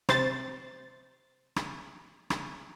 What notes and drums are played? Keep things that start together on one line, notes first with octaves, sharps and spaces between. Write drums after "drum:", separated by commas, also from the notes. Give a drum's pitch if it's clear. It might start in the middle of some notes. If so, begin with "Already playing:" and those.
C3 C5 A6, drum: rim click
drum: rim click
drum: rim click